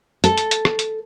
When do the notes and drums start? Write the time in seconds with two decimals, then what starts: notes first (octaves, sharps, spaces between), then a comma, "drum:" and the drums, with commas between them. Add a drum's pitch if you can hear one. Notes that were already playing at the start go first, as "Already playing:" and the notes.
0.24 A4, drum: hi-hat
0.38 drum: hi-hat
0.51 drum: hi-hat
0.65 drum: rim click
0.79 drum: hi-hat